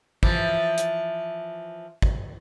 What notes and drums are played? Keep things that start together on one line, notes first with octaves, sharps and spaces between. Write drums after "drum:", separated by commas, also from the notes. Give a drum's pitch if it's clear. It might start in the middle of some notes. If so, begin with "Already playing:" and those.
E3 F3, drum: kick G#1
drum: hi-hat
drum: kick G#1